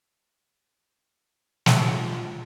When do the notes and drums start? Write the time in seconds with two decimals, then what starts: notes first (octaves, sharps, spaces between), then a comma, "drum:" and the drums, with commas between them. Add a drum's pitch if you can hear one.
1.66 B2 G#3 F4, drum: snare